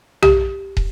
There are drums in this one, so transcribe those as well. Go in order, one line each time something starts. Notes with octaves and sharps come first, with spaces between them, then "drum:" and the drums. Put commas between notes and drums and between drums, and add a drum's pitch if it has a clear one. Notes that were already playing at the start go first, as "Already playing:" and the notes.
G4, drum: tom B1
drum: kick